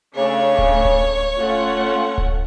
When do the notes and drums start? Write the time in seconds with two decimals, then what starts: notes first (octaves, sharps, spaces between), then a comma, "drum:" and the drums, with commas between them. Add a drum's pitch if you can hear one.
0.15 C#3 A3 D4 C#5
0.58 drum: kick D1
0.85 drum: kick D1
1.38 A3 C#4 F4 F#5
2.18 drum: kick D1